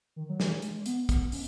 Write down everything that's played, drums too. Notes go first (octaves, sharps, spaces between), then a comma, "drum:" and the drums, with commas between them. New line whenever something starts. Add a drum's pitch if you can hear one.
D#3
F#3
E3, drum: snare
G#3, drum: hi-hat
B3, drum: hi-hat
B3, drum: kick, hi-hat
C#4, drum: open hi-hat